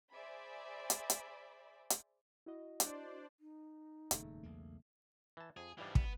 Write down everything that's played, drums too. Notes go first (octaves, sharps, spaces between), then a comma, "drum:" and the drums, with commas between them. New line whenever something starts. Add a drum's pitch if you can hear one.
G#4 C5 D5 E5 B5
drum: hi-hat
drum: hi-hat
drum: hi-hat
E4 F#4 D#5
D4 C5 D5, drum: hi-hat
D#4
D#1 F2 C#3 A3, drum: hi-hat
B1 E2 A#3
E3 A5
F2 G#4
G#2 E3 F3 G3 D4
B3, drum: kick